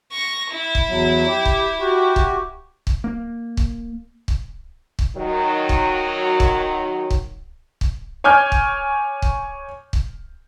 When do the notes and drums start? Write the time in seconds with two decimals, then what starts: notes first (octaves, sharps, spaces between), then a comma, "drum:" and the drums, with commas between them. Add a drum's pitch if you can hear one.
0.12 C#6 A#6
0.51 E4
0.75 drum: kick
0.89 E2 F#3
1.28 G4
1.45 drum: kick
1.80 F#4 G4
2.16 drum: kick
2.87 drum: kick
3.04 A#3
3.57 drum: kick
4.28 drum: kick
4.99 drum: kick
5.16 D#3 F#3
5.69 drum: kick
6.40 drum: kick
7.11 drum: kick
7.81 drum: kick
8.24 C#5 G#5 D6 F6 G6 G#6
8.52 drum: kick
9.22 drum: kick
9.93 drum: kick